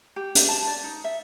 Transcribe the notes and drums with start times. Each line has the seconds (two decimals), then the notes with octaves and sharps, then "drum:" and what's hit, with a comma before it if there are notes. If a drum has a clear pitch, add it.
0.16 G4
0.35 drum: hi-hat
0.48 A5
0.67 D5
0.84 D#4
1.04 E5